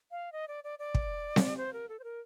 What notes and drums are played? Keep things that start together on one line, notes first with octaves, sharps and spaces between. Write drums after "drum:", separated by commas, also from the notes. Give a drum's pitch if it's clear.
F5
D#5
D5
D5
D5
drum: kick
drum: snare C4
C5
A#4
A4
C5
A#4